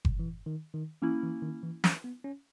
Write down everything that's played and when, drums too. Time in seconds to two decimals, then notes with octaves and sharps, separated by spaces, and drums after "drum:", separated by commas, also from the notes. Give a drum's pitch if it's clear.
0.05 drum: kick F#1
0.19 E3
0.46 D#3
0.74 D#3
1.02 E3 A#3 C#4 E4
1.23 E3
1.42 D#3
1.63 E3
1.84 C#4, drum: snare
2.04 B3
2.24 C#4